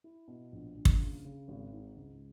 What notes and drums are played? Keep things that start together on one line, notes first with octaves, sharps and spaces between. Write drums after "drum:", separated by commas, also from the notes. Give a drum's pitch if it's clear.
E4
B2
A#1
A#1
drum: kick
C#3
C#3
G#1
G#2
C#2